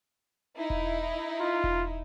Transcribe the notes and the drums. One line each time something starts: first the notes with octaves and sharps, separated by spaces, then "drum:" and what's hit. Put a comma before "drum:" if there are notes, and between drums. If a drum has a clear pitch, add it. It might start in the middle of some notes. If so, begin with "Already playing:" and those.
D#4 E4
drum: kick E1
F4
drum: kick E1